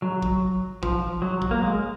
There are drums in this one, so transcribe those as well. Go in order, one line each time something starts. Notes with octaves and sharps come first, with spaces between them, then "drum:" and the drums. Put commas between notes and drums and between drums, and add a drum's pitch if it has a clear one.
F#3
drum: kick
F3, drum: kick
F#3
drum: kick
A#3
G#3